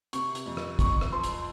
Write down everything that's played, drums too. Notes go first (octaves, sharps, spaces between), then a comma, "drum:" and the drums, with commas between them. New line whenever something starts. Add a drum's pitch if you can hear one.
C3 C#6, drum: hi-hat
drum: hi-hat
F2
drum: rim click
F2 C#6, drum: kick, hi-hat
drum: rim click
F3 C6
drum: hi-hat